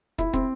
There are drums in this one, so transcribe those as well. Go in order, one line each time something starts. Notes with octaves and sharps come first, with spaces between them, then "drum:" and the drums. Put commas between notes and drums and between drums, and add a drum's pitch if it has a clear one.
E4, drum: kick
C4, drum: kick